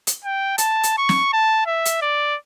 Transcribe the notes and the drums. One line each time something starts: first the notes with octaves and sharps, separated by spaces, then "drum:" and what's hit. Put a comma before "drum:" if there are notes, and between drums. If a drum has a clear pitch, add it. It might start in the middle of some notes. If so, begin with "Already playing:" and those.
drum: hi-hat
G5
A5, drum: hi-hat
drum: hi-hat
C#6
drum: snare
A5
E5
drum: hi-hat
D5